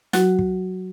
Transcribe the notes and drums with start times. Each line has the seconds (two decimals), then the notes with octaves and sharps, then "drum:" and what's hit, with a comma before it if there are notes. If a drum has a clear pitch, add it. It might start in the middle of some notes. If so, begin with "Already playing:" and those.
0.13 F#3 F#4, drum: snare
0.39 drum: kick